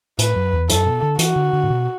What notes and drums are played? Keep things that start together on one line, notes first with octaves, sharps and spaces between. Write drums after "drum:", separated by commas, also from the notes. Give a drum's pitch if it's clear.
A2 B4, drum: hi-hat
F#2
E2
F#2 A4, drum: hi-hat
B2
D3
E3 F#4, drum: hi-hat
D3
D3
A2
B2